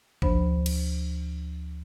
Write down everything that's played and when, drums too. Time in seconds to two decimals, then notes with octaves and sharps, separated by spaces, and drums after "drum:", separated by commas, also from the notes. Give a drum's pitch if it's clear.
0.22 D2 F3 D4 C5 B5, drum: kick
0.66 drum: cymbal